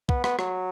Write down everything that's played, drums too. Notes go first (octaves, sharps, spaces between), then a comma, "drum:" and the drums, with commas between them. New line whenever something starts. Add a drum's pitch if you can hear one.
B3, drum: kick
B3, drum: rim click
F#3, drum: rim click